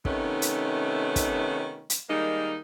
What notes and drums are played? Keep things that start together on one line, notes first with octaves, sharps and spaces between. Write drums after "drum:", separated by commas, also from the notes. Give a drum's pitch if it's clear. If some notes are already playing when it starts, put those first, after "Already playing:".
C3 D#3 A3 B3 C#4 D#4, drum: kick
drum: hi-hat
drum: kick, hi-hat
drum: hi-hat
D#3 G3 G#3 A#3 D#4